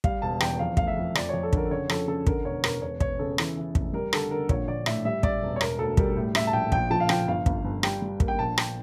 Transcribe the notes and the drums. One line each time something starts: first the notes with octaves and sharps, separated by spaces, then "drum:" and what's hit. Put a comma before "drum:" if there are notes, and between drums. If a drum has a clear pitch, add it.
G3 F5, drum: kick
E1 A5
E2 G5, drum: rim click
F2 F5
A3 F5, drum: kick
E5
F2
F2 D5, drum: rim click
F2 C#5
A4
D3 A#4, drum: kick
C#3 C#5
F2 A4, drum: rim click
C#3 A4
D3 A#4, drum: kick
E1 C#5
E1 A#4, drum: rim click
E1 C#5
E1 C#5, drum: kick
C#3 A4
E3, drum: rim click
E3
F1, drum: kick
G3 A#4
D3 A4, drum: rim click
D3 A#4
A#1 C#5, drum: kick
A#1 D5
A2 E5, drum: rim click
G3 E5
G3 D5, drum: kick
E1
C#5
E1 A#4, drum: rim click
D2 A4
G3 A#4, drum: kick
A2
A2 E5, drum: rim click
A5
A#1 G5
A#1 G5, drum: kick
F3 A5
F5
F3 G5, drum: rim click
G1 F5
G1, drum: kick
G1
G3 G5, drum: rim click
G3
A#3, drum: kick
G5
A#1 A5
G5, drum: rim click